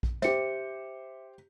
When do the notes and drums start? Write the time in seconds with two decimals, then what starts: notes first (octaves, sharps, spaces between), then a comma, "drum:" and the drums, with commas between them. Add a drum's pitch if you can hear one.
0.03 drum: kick A#1
0.22 G4 C5 E5 C#7, drum: snare